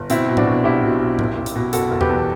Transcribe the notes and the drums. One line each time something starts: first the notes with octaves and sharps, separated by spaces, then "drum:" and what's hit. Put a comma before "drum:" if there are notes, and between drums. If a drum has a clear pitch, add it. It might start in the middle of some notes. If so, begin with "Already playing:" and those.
Already playing: G1
B2 C4 E4, drum: hi-hat
B2
D4 F#4, drum: tom A2
B2
B1 E4 G4
B2
B1
F#1, drum: tom A2
F#1
drum: hi-hat
B2
F#1 F#4 A4, drum: hi-hat
F#1
G4 B4, drum: tom E2
E2